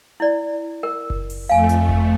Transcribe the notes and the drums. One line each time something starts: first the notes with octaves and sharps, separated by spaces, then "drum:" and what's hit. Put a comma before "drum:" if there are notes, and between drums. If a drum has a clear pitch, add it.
E4 D5
A#4
drum: kick F#1
drum: open hi-hat
F2 A3 F5 G#5
drum: hi-hat
drum: kick F#1